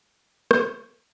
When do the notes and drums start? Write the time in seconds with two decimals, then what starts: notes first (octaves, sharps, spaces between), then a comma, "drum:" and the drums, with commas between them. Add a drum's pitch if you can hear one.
0.18 G3
0.51 drum: rim click
0.77 G3
0.87 A3